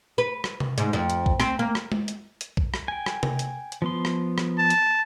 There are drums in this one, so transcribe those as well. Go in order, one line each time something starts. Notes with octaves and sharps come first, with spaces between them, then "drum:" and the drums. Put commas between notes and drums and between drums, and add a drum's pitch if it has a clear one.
B4
drum: rim click
drum: tom C3
G#2, drum: hi-hat
F2
drum: hi-hat
drum: kick B1
C4, drum: rim click
A#3
drum: rim click
drum: tom G#3
drum: hi-hat
drum: hi-hat
drum: kick B1
drum: rim click
G5 G#5
drum: rim click
drum: tom C3
drum: hi-hat
drum: hi-hat
F3 B3 C6
drum: rim click
drum: rim click
A5
drum: hi-hat